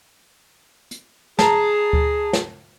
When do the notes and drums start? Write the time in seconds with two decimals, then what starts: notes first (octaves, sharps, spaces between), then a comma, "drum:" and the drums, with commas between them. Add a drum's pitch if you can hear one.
0.91 drum: hi-hat
1.39 G#4 A5 A#5, drum: snare
1.93 drum: kick D2
2.33 drum: snare